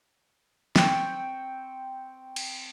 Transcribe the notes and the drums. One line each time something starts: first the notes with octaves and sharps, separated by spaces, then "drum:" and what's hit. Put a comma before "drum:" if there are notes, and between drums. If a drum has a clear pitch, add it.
C4 G5 C#6, drum: snare
drum: cymbal